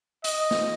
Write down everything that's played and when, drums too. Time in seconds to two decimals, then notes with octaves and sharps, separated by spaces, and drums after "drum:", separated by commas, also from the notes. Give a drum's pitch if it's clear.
0.24 D#5, drum: hi-hat
0.51 drum: snare